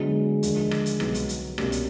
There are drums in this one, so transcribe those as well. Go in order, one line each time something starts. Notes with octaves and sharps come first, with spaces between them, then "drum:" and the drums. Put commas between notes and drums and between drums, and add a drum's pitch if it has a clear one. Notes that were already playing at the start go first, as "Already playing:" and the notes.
Already playing: D3 F#3 G#3 B3 D4 F#4
D#2 D3 F3 A#3 D4, drum: hi-hat
drum: rim click
drum: hi-hat
C2 B2 F#3 B3 D#4, drum: rim click
drum: hi-hat
drum: hi-hat
C2 B2 G3 A#3 C#4, drum: rim click
drum: hi-hat